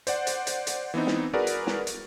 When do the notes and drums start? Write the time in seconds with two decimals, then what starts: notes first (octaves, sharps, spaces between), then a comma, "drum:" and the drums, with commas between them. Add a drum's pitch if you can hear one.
0.07 C5 D5 F#5, drum: hi-hat
0.27 drum: hi-hat
0.47 drum: hi-hat
0.67 drum: hi-hat
0.94 E3 B3 C4 D#4
1.07 drum: snare
1.34 F#4 G#4 A#4 B4 D5
1.47 drum: hi-hat
1.67 drum: snare
1.87 drum: hi-hat